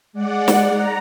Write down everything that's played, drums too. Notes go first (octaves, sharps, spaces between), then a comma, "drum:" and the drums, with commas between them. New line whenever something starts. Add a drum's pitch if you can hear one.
G#3 D5 F#5
drum: snare
A#5